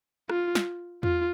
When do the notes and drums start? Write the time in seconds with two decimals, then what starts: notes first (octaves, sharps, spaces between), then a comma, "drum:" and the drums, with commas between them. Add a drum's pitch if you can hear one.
0.30 F4, drum: rim click
0.55 drum: snare
1.03 F4, drum: tom E2